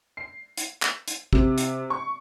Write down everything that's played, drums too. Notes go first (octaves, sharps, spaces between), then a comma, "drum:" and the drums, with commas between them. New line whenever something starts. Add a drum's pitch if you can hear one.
C7
drum: hi-hat
drum: clap
drum: hi-hat
C3, drum: kick
drum: hi-hat
C#6